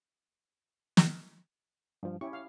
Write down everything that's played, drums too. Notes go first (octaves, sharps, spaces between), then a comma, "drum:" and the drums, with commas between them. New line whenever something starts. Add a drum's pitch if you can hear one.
drum: snare
G2 F3
C#4 E4 G4 C#6
F5